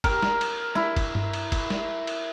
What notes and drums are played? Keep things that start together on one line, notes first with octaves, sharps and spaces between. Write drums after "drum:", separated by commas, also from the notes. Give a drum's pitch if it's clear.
A#4, drum: kick, cymbal
drum: snare
drum: cymbal
E4, drum: snare
drum: kick, cymbal
drum: tom G2
drum: cymbal
drum: kick, cymbal
drum: snare
drum: cymbal